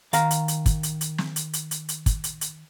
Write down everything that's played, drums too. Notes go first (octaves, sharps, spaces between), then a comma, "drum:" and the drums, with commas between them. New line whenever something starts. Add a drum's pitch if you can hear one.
D#3 F5 A#5, drum: hi-hat
drum: hi-hat
drum: hi-hat
drum: kick, hi-hat
drum: hi-hat
drum: hi-hat
drum: snare
drum: hi-hat
drum: hi-hat
drum: hi-hat
drum: hi-hat
drum: kick, hi-hat
drum: hi-hat
drum: hi-hat